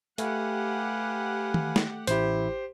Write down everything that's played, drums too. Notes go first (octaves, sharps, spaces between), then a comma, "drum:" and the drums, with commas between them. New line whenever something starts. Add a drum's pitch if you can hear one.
A3 G4 B4 F5 F#5 G#5, drum: hi-hat
drum: tom D#3
drum: snare
A1 E4 G4 C5, drum: hi-hat